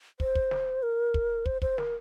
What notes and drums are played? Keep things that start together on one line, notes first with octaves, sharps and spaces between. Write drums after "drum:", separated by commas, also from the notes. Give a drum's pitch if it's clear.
C5, drum: kick
drum: kick
drum: snare
A#4
drum: kick
C5, drum: kick
C5, drum: kick
A#4, drum: snare